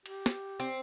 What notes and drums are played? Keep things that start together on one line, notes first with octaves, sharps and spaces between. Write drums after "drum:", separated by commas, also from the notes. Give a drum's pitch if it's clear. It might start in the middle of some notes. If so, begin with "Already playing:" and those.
G4, drum: cymbal
drum: snare
C4